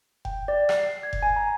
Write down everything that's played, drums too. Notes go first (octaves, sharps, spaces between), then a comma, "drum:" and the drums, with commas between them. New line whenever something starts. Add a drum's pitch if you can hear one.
G5, drum: kick F1
D5
drum: rim click
C7
G#6
drum: kick F1
G#5
A#5